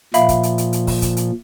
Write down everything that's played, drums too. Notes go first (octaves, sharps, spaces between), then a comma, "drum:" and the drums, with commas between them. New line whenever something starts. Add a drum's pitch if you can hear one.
A#2 F3 E5 F5 B5, drum: hi-hat
drum: kick, hi-hat
drum: hi-hat
drum: hi-hat
drum: hi-hat
drum: kick, open hi-hat
drum: kick, hi-hat
drum: hi-hat